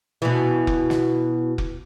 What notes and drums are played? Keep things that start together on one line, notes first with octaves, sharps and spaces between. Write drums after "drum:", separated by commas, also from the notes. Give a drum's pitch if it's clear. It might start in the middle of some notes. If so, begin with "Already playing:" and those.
B2 E3
drum: kick F1
drum: snare
drum: kick F1